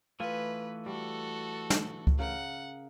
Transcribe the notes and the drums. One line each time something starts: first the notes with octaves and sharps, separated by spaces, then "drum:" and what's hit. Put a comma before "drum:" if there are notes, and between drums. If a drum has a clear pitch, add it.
E3 A3 F4 B4 G#5
G3 F#4 A4
drum: snare
drum: kick C#2
C#3 A#4 F#5